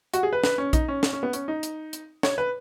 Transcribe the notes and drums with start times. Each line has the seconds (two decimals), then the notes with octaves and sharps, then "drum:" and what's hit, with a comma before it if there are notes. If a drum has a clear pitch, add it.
0.14 F#4, drum: hi-hat
0.23 G#4
0.33 B4
0.44 B4, drum: snare
0.58 C#4
0.73 D#4, drum: kick A#1, hi-hat
0.88 C#4
1.03 C#4, drum: snare
1.13 C#4
1.23 B3
1.33 C#4, drum: hi-hat
1.48 D#4
1.63 drum: hi-hat
1.93 drum: hi-hat
2.23 C#5, drum: snare
2.38 B4